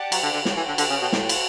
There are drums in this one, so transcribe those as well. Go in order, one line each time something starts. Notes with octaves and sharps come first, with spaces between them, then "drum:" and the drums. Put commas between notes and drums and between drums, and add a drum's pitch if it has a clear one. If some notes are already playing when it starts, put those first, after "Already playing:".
Already playing: G4 D5 F#5 A5
F#3, drum: cymbal
D3
D3
F#4 A4 C#5 G5, drum: snare
E3
D3
D3, drum: cymbal
C#3
B2
A2, drum: snare
drum: cymbal